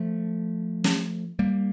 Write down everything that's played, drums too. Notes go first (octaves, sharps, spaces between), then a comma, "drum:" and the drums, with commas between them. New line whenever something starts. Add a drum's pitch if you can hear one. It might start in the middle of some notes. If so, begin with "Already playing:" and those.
Already playing: F3 A3
drum: snare
G3 A#3